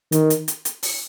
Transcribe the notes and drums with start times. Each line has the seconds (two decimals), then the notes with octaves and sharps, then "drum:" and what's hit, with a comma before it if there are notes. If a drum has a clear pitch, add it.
0.12 D#3, drum: hi-hat
0.30 drum: hi-hat
0.48 drum: hi-hat
0.65 drum: hi-hat
0.83 drum: open hi-hat